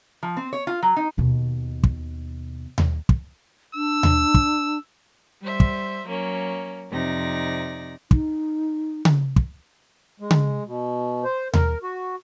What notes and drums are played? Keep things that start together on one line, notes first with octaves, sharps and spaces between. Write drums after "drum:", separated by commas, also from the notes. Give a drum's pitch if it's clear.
F3
C4
C#5
F4
F#3
D#4
D#2 B2
drum: kick
drum: tom D#2
drum: kick
D4 E6
drum: tom D#2
drum: kick
G3 C5 E5
drum: kick
F#3 A#3 C#4
F2 C3 D#4 D5 A#6
D#4, drum: kick
drum: tom C#3
drum: kick
G#3
drum: tom C#3
B2
C5
A#4, drum: tom D#2
F#4